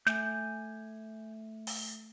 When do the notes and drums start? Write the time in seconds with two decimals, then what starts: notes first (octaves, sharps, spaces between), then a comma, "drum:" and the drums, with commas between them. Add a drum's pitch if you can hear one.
0.07 A3 G#5 G6, drum: snare
1.67 drum: open hi-hat